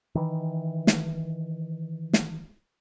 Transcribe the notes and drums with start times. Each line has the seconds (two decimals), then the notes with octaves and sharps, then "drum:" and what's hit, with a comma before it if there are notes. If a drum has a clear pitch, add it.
0.15 D#3 E3
0.87 drum: snare
2.13 drum: snare